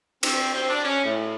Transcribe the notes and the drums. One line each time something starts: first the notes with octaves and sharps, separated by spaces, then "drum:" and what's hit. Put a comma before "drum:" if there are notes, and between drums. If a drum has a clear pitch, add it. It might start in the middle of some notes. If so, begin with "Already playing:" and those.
C4, drum: cymbal
C4
D4
C#4
A2